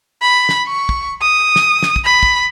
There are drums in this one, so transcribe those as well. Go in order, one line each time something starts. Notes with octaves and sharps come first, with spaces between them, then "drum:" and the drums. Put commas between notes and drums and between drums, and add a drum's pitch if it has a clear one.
B5
drum: snare
C#6
drum: kick
D#6
drum: snare
drum: snare
drum: kick
B5
drum: kick